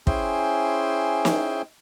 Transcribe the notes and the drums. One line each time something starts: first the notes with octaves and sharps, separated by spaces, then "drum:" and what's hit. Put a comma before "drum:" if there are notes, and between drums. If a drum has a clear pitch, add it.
C#4 E4 G#4 C5 G5 C6, drum: kick
drum: snare